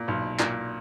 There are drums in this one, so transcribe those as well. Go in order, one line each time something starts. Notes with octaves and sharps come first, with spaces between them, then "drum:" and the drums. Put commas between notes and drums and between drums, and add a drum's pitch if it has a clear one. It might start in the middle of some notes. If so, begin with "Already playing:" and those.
Already playing: A#2
B1
A#2, drum: clap